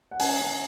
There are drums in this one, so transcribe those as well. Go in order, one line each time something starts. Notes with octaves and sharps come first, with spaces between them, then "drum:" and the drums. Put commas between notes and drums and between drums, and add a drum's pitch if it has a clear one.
F#5
C#4 G#5, drum: open hi-hat
C#4